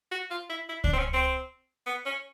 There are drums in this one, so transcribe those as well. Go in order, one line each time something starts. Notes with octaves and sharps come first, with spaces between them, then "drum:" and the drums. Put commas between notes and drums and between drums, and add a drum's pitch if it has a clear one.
F#4
F4
E4
E4
D4, drum: kick C#2
C4
C#4
C4
B3
C#4